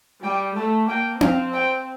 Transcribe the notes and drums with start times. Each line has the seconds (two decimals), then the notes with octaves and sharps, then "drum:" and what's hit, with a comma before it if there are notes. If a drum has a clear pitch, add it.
0.23 G3 G5
0.56 A3 A5
0.88 A#3 G5
1.21 C4 F5, drum: tom C4
1.54 G5